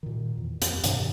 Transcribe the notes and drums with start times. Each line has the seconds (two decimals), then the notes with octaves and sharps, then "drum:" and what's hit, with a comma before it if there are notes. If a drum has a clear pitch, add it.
0.03 A#2 D#3
0.38 E2
0.62 F2, drum: hi-hat
0.84 G2 B2 D#3 D4, drum: hi-hat